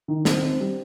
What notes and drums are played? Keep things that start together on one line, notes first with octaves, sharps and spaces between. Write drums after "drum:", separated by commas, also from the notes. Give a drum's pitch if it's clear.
D#3
C4, drum: snare
C4
G3